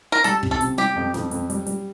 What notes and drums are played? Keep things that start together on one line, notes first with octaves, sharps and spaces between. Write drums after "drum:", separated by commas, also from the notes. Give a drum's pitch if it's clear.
A#4
G3 A4, drum: hi-hat
C3, drum: kick
A4
C3, drum: hi-hat
G3 G4, drum: snare
F2
F2, drum: snare
F2, drum: hi-hat
G3, drum: hi-hat
G3, drum: hi-hat